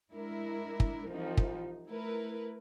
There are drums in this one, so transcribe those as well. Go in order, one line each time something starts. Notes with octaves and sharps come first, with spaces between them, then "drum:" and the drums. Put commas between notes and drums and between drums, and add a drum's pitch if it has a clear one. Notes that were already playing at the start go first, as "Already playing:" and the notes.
G#3 D4 E4 A#4
drum: kick
C2 E3 F3 D#4
drum: kick
A3 E4 A#4 B4